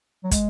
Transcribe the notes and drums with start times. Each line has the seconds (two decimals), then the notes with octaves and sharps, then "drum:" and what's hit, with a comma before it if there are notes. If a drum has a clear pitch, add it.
0.24 F#3
0.31 G#3, drum: kick, hi-hat